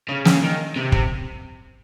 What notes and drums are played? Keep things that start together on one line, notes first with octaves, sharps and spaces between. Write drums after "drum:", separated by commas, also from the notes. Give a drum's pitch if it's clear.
C#3
C#3, drum: snare
D#3
C3
C3, drum: kick